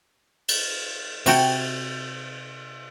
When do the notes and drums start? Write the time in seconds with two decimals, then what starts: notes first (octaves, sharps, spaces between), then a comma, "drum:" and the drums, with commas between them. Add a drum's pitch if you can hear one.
0.48 drum: cymbal
1.26 C3 F#4 G5, drum: cymbal